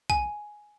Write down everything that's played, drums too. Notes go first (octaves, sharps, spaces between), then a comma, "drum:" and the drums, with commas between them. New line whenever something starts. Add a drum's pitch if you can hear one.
G#5, drum: kick B1